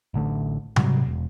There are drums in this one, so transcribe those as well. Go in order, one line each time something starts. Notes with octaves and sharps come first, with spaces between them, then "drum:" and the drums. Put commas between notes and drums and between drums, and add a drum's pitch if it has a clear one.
A1 D3 A3
G#2 C3 F#3 G3, drum: tom C3
E1